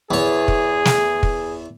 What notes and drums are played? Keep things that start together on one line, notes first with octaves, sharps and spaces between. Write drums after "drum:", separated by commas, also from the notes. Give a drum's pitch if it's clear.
E2 G#4 C#5
drum: kick
drum: snare
drum: kick